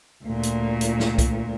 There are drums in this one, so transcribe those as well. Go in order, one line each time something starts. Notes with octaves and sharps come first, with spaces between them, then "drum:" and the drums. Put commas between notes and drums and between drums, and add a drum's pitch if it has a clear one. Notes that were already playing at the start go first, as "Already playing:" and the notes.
D2 A#2
drum: hi-hat
drum: hi-hat
drum: snare
drum: kick C2, hi-hat